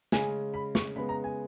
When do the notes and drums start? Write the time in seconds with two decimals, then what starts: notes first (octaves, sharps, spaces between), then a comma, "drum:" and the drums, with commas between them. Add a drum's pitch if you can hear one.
0.12 C#3 G#3 C#4 G#5, drum: snare
0.54 B5
0.75 C#6, drum: snare
0.96 C#3 G#3 B3 B5
1.09 A#5
1.24 G#5